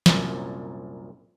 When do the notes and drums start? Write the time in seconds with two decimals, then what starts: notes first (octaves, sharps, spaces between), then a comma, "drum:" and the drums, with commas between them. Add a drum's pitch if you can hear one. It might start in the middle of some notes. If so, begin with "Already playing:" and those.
0.06 C2 F#2 A#2, drum: snare